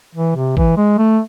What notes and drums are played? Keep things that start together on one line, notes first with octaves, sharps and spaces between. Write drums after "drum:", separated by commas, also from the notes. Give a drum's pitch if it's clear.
E3
C3
E3, drum: kick G#1
G#3
A3